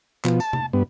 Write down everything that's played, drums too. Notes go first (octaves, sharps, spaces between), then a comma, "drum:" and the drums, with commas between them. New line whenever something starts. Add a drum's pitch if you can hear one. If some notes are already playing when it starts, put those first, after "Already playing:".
B2 F3, drum: clap
A5, drum: tambourine
drum: tom C3
G2 B3